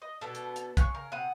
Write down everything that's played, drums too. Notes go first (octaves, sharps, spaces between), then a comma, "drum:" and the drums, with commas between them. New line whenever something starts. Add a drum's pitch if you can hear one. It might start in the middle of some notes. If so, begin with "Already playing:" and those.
D#5
B2 B3 D4 A4
drum: hi-hat
drum: hi-hat
C#3 C#6 F#6, drum: kick, hi-hat
A#4
C3 F#5 D#6